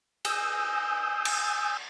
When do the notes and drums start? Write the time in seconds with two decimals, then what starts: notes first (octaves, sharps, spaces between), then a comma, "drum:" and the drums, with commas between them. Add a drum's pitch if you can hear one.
0.25 G#5 D#6 E6 G6, drum: cymbal
1.25 drum: cymbal